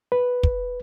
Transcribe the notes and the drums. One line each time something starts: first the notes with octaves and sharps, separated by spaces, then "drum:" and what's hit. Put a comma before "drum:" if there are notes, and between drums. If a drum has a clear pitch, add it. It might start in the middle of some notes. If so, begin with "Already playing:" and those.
B4
drum: kick